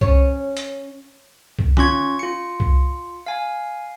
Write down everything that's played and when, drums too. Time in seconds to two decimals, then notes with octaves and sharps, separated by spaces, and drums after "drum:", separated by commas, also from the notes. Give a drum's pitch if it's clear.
0.01 C#4, drum: kick C2
0.57 drum: hi-hat
1.59 drum: kick C2
1.77 C#4 F4 C#6 G#6, drum: tom D3
2.19 F4 C#7
2.60 drum: kick C2
3.26 F5 G#5